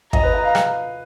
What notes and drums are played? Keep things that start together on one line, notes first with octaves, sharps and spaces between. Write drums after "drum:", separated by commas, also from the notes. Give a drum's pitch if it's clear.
D#5 A#5, drum: kick
B4
D#5
F5
drum: rim click